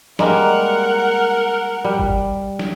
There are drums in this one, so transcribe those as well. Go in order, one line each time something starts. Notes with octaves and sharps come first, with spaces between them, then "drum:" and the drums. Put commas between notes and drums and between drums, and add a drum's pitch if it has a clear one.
G3 G#3 A#3 A#4 F#5, drum: snare
G3
drum: kick G#1
drum: snare